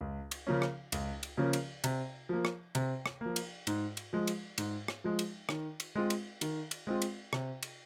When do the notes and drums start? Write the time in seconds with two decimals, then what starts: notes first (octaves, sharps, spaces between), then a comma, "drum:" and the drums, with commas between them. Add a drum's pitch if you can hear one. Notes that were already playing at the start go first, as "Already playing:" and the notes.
0.01 C#2
0.31 drum: cymbal
0.47 C#3 F3 A#3 C#4
0.62 drum: rim click
0.92 C#2, drum: cymbal
1.23 drum: cymbal
1.37 C#3 F3 A#3 C#4
1.53 drum: cymbal
1.84 C3, drum: cymbal
2.29 F3 A#3
2.45 drum: rim click
2.75 C3, drum: cymbal
3.06 drum: rim click
3.21 F3 A#3
3.36 drum: cymbal
3.67 G#2, drum: cymbal
3.97 drum: cymbal
4.13 F3 G#3
4.27 drum: cymbal
4.58 G#2, drum: cymbal
4.88 drum: rim click
5.04 F3 G#3
5.19 drum: cymbal
5.49 D#3, drum: rim click
5.80 drum: cymbal
5.95 G#3 C4 F4
6.10 drum: cymbal
6.41 D#3, drum: cymbal
6.71 drum: cymbal
6.87 G#3 C4 F4
7.02 drum: cymbal
7.33 C3, drum: rim click
7.63 drum: cymbal